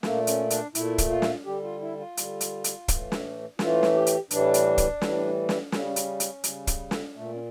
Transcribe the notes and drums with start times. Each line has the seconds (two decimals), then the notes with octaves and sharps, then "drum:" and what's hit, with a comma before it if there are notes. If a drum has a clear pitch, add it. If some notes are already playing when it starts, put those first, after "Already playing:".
0.03 A#2 A3 A#3, drum: snare
0.27 C#4, drum: hi-hat
0.50 D4, drum: hi-hat
0.75 A#2 A3 E4, drum: hi-hat
0.98 drum: kick, hi-hat
1.10 F4
1.22 drum: snare
1.46 D3 G3 G4
1.64 F4
1.81 E4
1.99 F4
2.17 D3 G3, drum: hi-hat
2.41 drum: hi-hat
2.64 drum: hi-hat
2.88 A2 E3 A3, drum: kick, hi-hat
3.12 drum: snare
3.59 A2 E3 A3 F4, drum: snare
3.83 drum: snare
3.94 G4
4.06 drum: hi-hat
4.31 A2 E3 G3 D4, drum: hi-hat
4.54 drum: hi-hat
4.78 drum: kick, hi-hat
5.01 A2 E3 G3, drum: snare
5.49 drum: snare
5.72 C#3 G3 C#4, drum: snare
5.96 drum: hi-hat
6.20 drum: hi-hat
6.44 C#3 G3, drum: hi-hat
6.67 drum: kick, hi-hat
6.91 drum: snare
7.15 A#2 A3
7.34 C#4